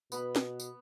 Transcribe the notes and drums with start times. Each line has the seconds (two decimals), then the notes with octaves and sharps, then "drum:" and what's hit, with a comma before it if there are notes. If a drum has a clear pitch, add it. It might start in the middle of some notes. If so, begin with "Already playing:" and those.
0.12 B2 B3 B5, drum: tambourine
0.36 drum: snare
0.60 drum: tambourine